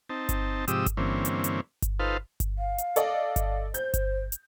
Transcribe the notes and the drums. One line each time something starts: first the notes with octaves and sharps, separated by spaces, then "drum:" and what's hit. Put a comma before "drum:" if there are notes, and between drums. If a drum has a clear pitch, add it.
C4 D#4 A5
drum: kick G1, hi-hat
G#2 C3 F3 G4 D#6 E6, drum: hi-hat
drum: kick G1, hi-hat
G2 D3 E3 A#3 C4 C#4
drum: hi-hat
drum: hi-hat
drum: kick G1, hi-hat
D#4 F4 A4 B4 C5 F5
drum: kick G1, hi-hat
F5
drum: hi-hat
A4 D5 D#5, drum: hi-hat
drum: kick G1, hi-hat
C5 G6, drum: hi-hat
drum: kick G1, hi-hat
drum: hi-hat